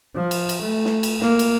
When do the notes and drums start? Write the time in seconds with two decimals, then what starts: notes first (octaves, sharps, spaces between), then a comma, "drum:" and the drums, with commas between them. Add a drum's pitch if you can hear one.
0.16 F3
0.31 drum: cymbal
0.49 drum: cymbal
0.63 A3
0.85 drum: snare
1.03 drum: cymbal
1.21 A#3, drum: snare
1.39 drum: cymbal